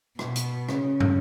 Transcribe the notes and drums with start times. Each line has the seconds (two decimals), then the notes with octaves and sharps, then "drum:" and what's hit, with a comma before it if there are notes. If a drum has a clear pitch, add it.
0.19 B2, drum: rim click
0.36 drum: hi-hat
0.69 C#3, drum: rim click
1.00 drum: tom